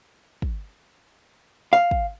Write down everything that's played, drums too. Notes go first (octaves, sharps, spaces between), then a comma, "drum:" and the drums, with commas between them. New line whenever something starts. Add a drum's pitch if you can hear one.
drum: kick
F5
drum: kick